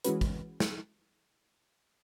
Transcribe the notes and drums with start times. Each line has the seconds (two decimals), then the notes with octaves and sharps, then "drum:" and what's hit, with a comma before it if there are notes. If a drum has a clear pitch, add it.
0.04 E3 G#3 C#4 F#4 B4, drum: hi-hat
0.21 drum: kick
0.60 drum: snare